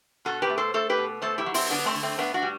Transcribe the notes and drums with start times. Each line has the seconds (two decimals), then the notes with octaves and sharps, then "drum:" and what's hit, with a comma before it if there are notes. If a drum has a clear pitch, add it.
0.25 B2 F#4 A4
0.42 G4 B4
0.50 A3
0.57 A4 C5
0.74 A3 A4 C5
0.89 G4 B4
0.97 B2
1.22 A3 A4 C5
1.38 E4 G4
1.46 F#3
1.54 C4 E4, drum: open hi-hat
1.70 D3 B3 D4
1.86 A3 C4
1.94 D3
2.03 A3 C4
2.19 A2 B3 D4
2.34 D4 F#4
2.42 G3